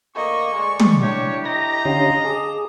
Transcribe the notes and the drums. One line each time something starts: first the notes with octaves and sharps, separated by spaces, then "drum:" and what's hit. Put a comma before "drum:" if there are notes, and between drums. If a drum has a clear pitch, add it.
D2 A#3 D#5 C#6
G#3 D5
drum: tom
A2 D4 E4 G4 C#5
D#5 A#5 A#6
D3 C#4 G4 F5 C6
G#4 A5 D6 D#6